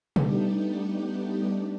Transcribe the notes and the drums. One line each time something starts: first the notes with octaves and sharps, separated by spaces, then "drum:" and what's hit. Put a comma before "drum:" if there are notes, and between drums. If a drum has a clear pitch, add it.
G3 A3 B3 D4 D#4 G4, drum: tom B2